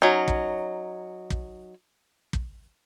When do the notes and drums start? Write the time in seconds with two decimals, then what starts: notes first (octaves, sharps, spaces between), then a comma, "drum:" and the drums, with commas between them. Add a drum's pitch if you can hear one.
0.02 F#3 C#4 D#4
0.28 drum: kick
1.30 drum: kick
2.33 drum: kick